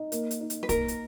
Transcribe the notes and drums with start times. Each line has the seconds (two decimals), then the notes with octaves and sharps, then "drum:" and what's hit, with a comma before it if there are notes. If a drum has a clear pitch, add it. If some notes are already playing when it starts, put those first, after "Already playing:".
Already playing: D#4
0.12 A#3, drum: hi-hat
0.31 drum: hi-hat
0.40 D#4
0.50 drum: hi-hat
0.63 B4
0.69 A#3 A#4, drum: kick, hi-hat
0.88 drum: hi-hat